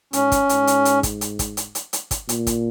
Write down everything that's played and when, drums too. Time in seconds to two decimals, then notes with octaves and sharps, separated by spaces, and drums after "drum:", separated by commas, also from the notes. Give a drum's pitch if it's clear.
0.13 G#2 C#4, drum: hi-hat
0.32 drum: kick, hi-hat
0.49 G#2, drum: hi-hat
0.67 drum: hi-hat
0.85 drum: hi-hat
1.03 drum: kick, hi-hat
1.21 drum: hi-hat
1.39 drum: kick, hi-hat
1.57 drum: hi-hat
1.75 drum: hi-hat
1.93 drum: hi-hat
2.11 drum: kick, hi-hat
2.29 A#2, drum: hi-hat
2.47 drum: kick, hi-hat